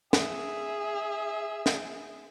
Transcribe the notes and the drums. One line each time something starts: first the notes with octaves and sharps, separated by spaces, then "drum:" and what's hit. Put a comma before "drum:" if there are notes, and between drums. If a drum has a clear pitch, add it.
G#4 E5, drum: snare
drum: snare